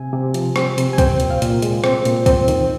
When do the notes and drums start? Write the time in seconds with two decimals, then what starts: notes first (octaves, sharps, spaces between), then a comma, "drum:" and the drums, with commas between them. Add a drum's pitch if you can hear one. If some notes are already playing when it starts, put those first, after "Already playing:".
Already playing: C3 C4 G#5
0.13 C3
0.34 F3, drum: hi-hat
0.56 C4, drum: rim click
0.78 C3, drum: hi-hat
0.93 G#5
0.98 C4 G5, drum: kick C2, hi-hat
1.20 A#2, drum: hi-hat
1.30 F5
1.42 A#2, drum: hi-hat
1.62 G#3, drum: hi-hat
1.84 C4, drum: rim click
2.05 A#2, drum: hi-hat
2.26 C4, drum: kick C2, hi-hat
2.48 D#3, drum: hi-hat